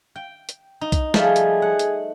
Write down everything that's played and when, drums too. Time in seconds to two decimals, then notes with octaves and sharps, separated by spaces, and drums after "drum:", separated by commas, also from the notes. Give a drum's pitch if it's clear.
0.16 G5
0.49 drum: hi-hat
0.81 D#4
0.92 drum: kick B1, hi-hat
1.14 F3 G3 A3 G#4, drum: snare
1.36 drum: hi-hat
1.62 F#5
1.79 drum: hi-hat